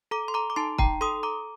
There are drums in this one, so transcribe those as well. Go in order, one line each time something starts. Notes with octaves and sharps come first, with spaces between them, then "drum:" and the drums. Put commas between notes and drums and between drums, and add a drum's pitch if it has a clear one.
A4 A#5 D6
C6
A#5 D6
D6
D#4 A5 C6
G5 A#5, drum: kick
A4 C6 D#6
A#5 D6